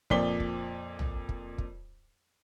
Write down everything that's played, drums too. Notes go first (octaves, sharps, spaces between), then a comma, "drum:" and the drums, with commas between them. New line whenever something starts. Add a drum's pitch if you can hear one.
F2 A#2 F3 D5 B6 G7, drum: kick
drum: kick
drum: tom A#1
drum: kick
drum: kick